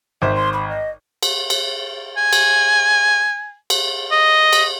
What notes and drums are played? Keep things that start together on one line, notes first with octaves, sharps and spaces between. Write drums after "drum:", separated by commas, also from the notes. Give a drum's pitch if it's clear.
G#1 C5 E5
C6
B5
D#5
drum: cymbal
drum: cymbal
G#5
drum: cymbal
drum: cymbal
D#5
drum: cymbal